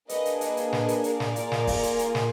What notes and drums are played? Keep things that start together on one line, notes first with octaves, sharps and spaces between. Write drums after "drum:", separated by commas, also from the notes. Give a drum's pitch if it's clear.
A#3 D4 G#4 B4 D#5, drum: hi-hat
drum: hi-hat
B4 D#5, drum: hi-hat
drum: hi-hat
B4 D#5, drum: snare
drum: hi-hat
A#4 D5, drum: hi-hat
drum: snare
A#3 F4 G#4, drum: hi-hat
drum: snare
drum: kick, open hi-hat
drum: hi-hat
drum: hi-hat
drum: snare